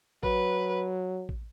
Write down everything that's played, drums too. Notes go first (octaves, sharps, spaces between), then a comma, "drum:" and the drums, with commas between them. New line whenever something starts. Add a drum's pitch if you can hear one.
F#3 B4, drum: kick A1
drum: kick A1